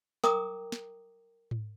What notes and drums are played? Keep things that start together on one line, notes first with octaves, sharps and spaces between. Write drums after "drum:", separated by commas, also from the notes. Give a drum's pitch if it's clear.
A#4 G5 A#5 D6 D#6, drum: snare
drum: snare
drum: tom G#2